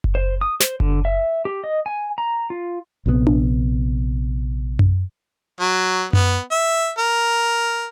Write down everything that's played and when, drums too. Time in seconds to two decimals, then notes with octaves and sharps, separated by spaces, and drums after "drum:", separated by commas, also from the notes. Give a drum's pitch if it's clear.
0.04 drum: kick F#1
0.15 C5
0.41 D#6
0.60 C5, drum: snare
0.80 D3, drum: kick F#1
1.05 E5
1.45 G4
1.64 D#5
1.86 G#5
2.18 A#5
2.50 F4
3.06 A#1 C3 E3 B3
3.27 drum: tom D4
4.79 drum: tom F#2
5.61 F#3
6.13 B3, drum: tom F#2
6.51 E5
6.98 A#4